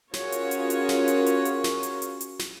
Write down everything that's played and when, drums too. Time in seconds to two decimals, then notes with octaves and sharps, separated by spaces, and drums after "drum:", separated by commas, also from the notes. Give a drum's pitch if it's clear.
0.13 C#4 F4 F#4 G#4 A#4 C#5, drum: snare
0.32 drum: hi-hat
0.51 drum: hi-hat
0.70 drum: hi-hat
0.89 drum: snare
1.08 drum: hi-hat
1.26 drum: hi-hat
1.45 drum: hi-hat
1.64 drum: snare
1.83 drum: hi-hat
2.02 drum: hi-hat
2.21 drum: hi-hat
2.39 drum: snare